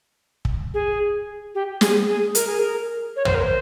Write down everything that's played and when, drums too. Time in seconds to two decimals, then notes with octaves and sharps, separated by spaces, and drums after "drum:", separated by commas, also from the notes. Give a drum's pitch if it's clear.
0.45 drum: kick
0.74 G#4
1.55 G4
1.81 G#4, drum: snare
2.09 G#4
2.35 A#4, drum: hi-hat
2.47 G#4
2.59 A#4
3.16 C#5
3.25 C5, drum: tom
3.35 A#4
3.43 C5